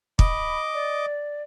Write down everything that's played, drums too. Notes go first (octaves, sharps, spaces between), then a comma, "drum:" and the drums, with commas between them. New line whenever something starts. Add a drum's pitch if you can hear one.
D#5 B5 D6, drum: kick
D5